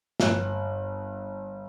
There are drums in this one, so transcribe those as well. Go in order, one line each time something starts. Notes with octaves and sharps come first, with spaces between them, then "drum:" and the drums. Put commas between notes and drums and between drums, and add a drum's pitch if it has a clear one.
G1 F#6, drum: snare